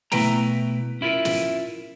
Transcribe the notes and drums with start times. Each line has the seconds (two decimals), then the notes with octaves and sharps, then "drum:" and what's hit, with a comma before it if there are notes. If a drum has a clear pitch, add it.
0.12 B2 A3 E4 B4 G5 A#5, drum: snare
1.01 C#4 E4 F4 A#4
1.25 drum: snare